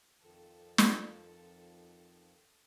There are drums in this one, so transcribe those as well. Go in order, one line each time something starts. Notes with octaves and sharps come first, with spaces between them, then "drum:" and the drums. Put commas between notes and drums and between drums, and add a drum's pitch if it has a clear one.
F2 D#3 F3 A4
F4, drum: snare